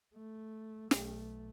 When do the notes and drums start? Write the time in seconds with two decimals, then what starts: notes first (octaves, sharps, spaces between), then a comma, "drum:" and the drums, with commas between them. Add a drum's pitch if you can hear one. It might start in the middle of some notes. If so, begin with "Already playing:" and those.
0.15 A3
0.91 B1 A3, drum: snare